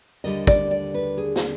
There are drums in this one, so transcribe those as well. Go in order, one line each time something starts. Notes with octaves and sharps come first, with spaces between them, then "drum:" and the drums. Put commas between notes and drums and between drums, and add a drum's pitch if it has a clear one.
D#2 D3 G3 D#5
D5, drum: kick
D5
B4
G#4
drum: snare